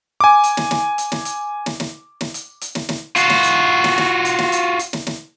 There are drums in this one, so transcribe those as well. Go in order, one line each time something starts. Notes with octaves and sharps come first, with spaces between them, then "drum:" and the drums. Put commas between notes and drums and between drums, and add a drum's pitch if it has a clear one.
G#5 D6
drum: hi-hat
drum: snare
drum: snare
drum: hi-hat
drum: snare
drum: hi-hat
drum: snare
drum: snare
drum: snare
drum: hi-hat
drum: hi-hat
drum: snare
drum: snare
F4 F#4, drum: hi-hat
drum: snare
drum: hi-hat
drum: snare
drum: snare
drum: hi-hat
drum: snare
drum: hi-hat
drum: hi-hat
drum: snare
drum: snare